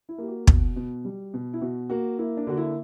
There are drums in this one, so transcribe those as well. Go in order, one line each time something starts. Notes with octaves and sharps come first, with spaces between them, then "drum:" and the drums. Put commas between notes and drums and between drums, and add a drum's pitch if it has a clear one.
E4
A#3 G4
F#4
B2, drum: kick
B2
G3
B2
E4
B2 F#4
A#3 F#4
A#3 E4
D4
D3 F#4
E4